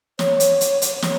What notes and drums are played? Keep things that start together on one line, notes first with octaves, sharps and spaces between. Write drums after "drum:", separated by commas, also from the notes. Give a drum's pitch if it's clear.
C#5, drum: snare
drum: hi-hat
drum: hi-hat
drum: hi-hat
C#5, drum: snare